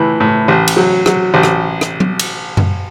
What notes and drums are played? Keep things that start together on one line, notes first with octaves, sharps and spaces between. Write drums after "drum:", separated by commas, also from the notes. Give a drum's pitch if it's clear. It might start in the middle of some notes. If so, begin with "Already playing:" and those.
Already playing: A2 E3
A2
A1
drum: cymbal
F#3
F#3, drum: rim click
A1
drum: rim click
drum: rim click
drum: tom F#3
drum: cymbal
drum: tom F#2